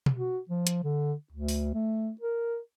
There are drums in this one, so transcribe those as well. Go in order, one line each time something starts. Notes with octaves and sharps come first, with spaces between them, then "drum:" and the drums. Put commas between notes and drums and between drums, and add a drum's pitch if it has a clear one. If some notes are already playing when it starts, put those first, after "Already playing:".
drum: tom B2
F#4
F3
drum: hi-hat
D3
D2
drum: open hi-hat
A3
A#4